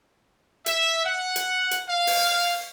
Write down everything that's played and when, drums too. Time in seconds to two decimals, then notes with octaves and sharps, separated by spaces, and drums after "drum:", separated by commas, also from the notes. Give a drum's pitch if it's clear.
0.66 E5, drum: hi-hat
1.05 F#5
1.36 drum: hi-hat
1.71 drum: hi-hat
1.89 F5
2.07 drum: open hi-hat